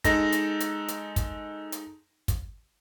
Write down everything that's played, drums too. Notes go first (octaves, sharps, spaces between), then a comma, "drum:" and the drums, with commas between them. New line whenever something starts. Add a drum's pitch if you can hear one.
G#3 D#4 A4 A#6, drum: kick, hi-hat
drum: hi-hat
drum: hi-hat
drum: hi-hat
drum: kick, hi-hat
drum: hi-hat
drum: kick, hi-hat